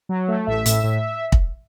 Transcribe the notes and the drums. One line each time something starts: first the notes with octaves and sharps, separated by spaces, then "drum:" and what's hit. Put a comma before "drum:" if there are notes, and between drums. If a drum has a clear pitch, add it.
F#3
A3
A1 E5
A2, drum: hi-hat
A2
drum: kick